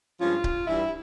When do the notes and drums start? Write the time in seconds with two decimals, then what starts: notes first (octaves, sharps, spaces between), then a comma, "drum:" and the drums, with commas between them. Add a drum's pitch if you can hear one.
0.21 G2 F3 G#3 C#4 F4
0.44 drum: kick C#1
0.67 G2 E3 G3 E4